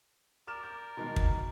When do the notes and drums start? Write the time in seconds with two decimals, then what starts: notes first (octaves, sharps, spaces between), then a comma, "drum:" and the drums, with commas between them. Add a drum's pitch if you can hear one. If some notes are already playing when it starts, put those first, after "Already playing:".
0.47 A#4 D5 D6 F6 E7
0.63 G6
0.97 B2 D#3 G#3
1.16 drum: kick